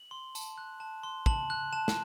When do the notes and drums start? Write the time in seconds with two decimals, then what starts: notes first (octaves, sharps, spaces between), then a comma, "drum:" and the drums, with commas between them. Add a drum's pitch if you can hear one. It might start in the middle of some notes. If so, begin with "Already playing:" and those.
Already playing: F#7
0.11 C6
0.35 A5, drum: tambourine
0.58 F#6
0.80 A5
1.03 C6
1.26 A5 F#7, drum: kick
1.50 F#6
1.73 A5 E7
1.88 drum: snare